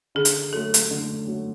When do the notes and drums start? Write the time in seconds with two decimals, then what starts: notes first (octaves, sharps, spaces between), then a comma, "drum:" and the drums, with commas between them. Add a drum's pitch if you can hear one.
0.15 D3 G#4
0.25 drum: hi-hat
0.53 F#3 A3 A4
0.74 drum: hi-hat
0.91 D3
1.27 F#3 A3